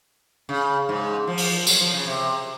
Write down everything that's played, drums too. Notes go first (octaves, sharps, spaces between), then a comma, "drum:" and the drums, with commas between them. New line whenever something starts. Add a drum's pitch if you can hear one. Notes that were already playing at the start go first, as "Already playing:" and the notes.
C#3
G#2
F3
drum: open hi-hat
F#3, drum: tambourine
F3
C#3
C3